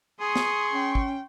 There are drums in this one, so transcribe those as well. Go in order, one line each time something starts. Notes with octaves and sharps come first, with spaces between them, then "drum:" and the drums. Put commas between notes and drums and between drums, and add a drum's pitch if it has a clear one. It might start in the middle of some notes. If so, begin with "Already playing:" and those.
G#4 C6 C#6 D#6
drum: snare
C#4 G5
drum: kick